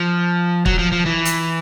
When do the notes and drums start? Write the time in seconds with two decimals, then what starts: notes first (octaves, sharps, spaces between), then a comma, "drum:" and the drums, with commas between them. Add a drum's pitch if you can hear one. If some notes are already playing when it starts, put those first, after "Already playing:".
Already playing: F3
0.66 F#3, drum: kick
0.79 F3
0.92 F3
1.06 E3
1.25 drum: hi-hat